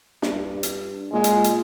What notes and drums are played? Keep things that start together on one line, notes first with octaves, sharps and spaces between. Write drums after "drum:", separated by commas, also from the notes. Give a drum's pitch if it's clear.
G2, drum: snare
drum: hi-hat
A#2 G#3
drum: hi-hat
drum: hi-hat